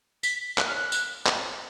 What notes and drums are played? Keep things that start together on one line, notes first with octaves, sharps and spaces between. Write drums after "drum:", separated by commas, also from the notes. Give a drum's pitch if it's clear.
B6, drum: tambourine
F#6, drum: clap
F6
F#6
drum: tambourine
drum: clap